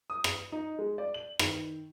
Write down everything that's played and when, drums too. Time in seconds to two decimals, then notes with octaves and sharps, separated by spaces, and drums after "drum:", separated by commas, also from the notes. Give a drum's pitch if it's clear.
0.10 D#6
0.24 drum: rim click
0.52 D#4
0.79 G#3
0.98 D5
1.14 F#7
1.39 D#3, drum: rim click